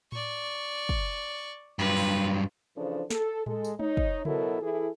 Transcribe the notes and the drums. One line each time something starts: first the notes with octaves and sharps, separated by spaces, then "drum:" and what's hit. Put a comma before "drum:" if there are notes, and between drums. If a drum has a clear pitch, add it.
D5 C#6, drum: tom A2
drum: kick
G2 F#3 F4 B4
drum: open hi-hat
C#3 E3 F3 D4 A4 C5
A4, drum: snare
G#3 A4, drum: tom A2
drum: tambourine
D#4 C#5, drum: tom G#3
drum: kick
B2 F#3 E4 A4 A#4, drum: tom C#3
E3 E4 G#4 A4